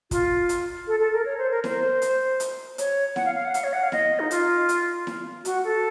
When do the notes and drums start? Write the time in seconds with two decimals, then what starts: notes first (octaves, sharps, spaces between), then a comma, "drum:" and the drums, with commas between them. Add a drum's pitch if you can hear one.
0.11 F4, drum: kick, hi-hat
0.49 drum: hi-hat
0.87 A4
1.00 A4
1.13 A#4
1.25 C#5
1.38 C5
1.51 A#4
1.64 C5, drum: snare E4
2.02 drum: hi-hat
2.40 drum: hi-hat
2.78 C#5, drum: hi-hat
3.16 F#5, drum: snare E4
3.25 F5
3.35 F5
3.45 F#5
3.54 F5, drum: hi-hat
3.64 C#5
3.73 F#5
3.83 F5
3.92 D#5, drum: snare E4
4.20 D#4
4.31 F4, drum: hi-hat
4.69 drum: hi-hat
5.07 drum: snare E4
5.45 F#4, drum: hi-hat
5.64 A4